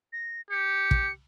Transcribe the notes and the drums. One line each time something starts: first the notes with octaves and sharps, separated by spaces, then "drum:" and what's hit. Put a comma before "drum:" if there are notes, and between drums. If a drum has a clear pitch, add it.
A#6
G4 C#7
drum: kick